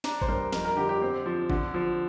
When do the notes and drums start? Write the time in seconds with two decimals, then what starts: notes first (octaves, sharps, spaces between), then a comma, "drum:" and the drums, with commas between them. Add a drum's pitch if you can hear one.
0.04 D4 A#5, drum: snare
0.22 C5, drum: kick G#1
0.28 G2 A#4
0.53 F2 A#4, drum: snare
0.65 A#4
0.77 D3 G4
0.89 G4
1.01 C4
1.26 F3
1.50 D3, drum: kick G#1
1.74 F3